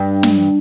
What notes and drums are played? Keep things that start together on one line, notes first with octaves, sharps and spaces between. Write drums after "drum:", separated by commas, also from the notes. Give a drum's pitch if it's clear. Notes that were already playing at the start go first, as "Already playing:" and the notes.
Already playing: G2
drum: snare